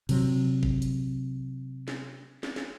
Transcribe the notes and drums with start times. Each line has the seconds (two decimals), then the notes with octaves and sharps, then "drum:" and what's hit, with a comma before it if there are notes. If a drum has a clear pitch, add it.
0.09 C3 F#3, drum: cymbal
0.63 drum: kick
0.82 drum: hi-hat
1.88 drum: snare
2.43 drum: snare
2.56 drum: snare